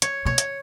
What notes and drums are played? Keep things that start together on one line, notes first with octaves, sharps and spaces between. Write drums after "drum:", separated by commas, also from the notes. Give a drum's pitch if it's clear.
C#5, drum: hi-hat
B2 C#5
drum: hi-hat